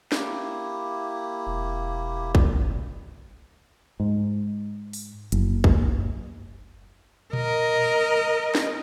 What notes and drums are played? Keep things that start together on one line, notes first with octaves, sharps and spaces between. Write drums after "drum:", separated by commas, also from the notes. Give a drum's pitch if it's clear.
A#3 E4 G4, drum: snare
E1
drum: kick A#1
G1
G#2
drum: open hi-hat
F#1, drum: hi-hat
drum: kick A#1
A#4 D#5, drum: tom A#2
drum: snare